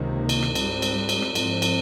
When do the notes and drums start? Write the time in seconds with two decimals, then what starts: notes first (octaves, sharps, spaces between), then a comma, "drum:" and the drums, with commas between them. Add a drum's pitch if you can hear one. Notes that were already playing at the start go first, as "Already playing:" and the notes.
Already playing: C#2 C3 D#3 A#3
0.29 drum: cymbal
0.42 drum: rim click
0.55 G#2 G3 C4, drum: cymbal
0.82 drum: cymbal
1.09 drum: cymbal
1.22 drum: rim click
1.35 G#2 F3 C4, drum: cymbal
1.62 drum: cymbal